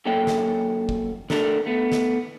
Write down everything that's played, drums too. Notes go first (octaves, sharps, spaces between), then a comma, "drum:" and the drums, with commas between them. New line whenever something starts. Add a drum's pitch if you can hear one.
F#2 A#3 A4 C#5 E5 G5
drum: snare
drum: kick
D3 A3 D4 A#4, drum: snare
A3 B3
drum: snare